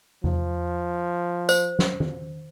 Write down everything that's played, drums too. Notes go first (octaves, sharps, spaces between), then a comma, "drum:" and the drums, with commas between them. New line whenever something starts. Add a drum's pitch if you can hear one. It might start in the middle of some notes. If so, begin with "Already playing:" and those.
F3, drum: tom E2
C5, drum: tambourine
drum: snare
drum: tom D#3